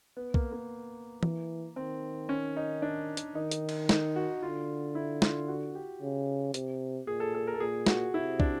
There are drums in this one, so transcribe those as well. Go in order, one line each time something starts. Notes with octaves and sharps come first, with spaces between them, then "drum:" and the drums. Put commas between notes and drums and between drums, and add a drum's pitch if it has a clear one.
B3
A#3, drum: kick
A#3
E3, drum: tom
D#3 C4
C#4
D#4
D4
drum: hi-hat
D#3 D#4
drum: hi-hat
drum: cymbal
D#4, drum: snare
F#4
D3 F4
E4
F4, drum: snare
F#4
G4
C#3
C3, drum: hi-hat
A#2 G#4
A4
A4
A#4
A4
A#2 G#4
F#4, drum: snare
C3 E4
D4, drum: kick